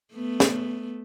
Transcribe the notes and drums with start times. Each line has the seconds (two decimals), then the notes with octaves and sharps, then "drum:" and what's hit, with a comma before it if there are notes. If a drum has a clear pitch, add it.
0.14 A3 B3
0.40 drum: snare